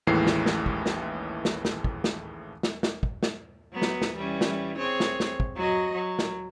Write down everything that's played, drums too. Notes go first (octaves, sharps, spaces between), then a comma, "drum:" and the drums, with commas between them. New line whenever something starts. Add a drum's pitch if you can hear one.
A1 D#2 A2 E3 G#3 C7
drum: snare
drum: snare
drum: kick
drum: snare
drum: snare
drum: snare
drum: kick
drum: snare
drum: snare
drum: snare
drum: kick
drum: snare
F#3 B3
drum: snare
drum: snare
E3 G3 C#4
drum: snare
C4 G#4 C#5
drum: snare
drum: snare
drum: kick
F#3 F#4 D#5
F#3
drum: snare